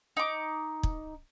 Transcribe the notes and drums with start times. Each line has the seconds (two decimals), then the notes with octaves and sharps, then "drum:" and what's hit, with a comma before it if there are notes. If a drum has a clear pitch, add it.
0.17 D#4 D6
0.83 drum: kick